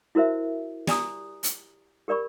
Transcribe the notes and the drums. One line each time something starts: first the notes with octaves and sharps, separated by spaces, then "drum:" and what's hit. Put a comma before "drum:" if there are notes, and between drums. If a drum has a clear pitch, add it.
E4 F#4 A#4 C5 E5
G4 D5 G#5 A#5 D#6, drum: snare
drum: hi-hat
G4 A#4 D5 B5 C#6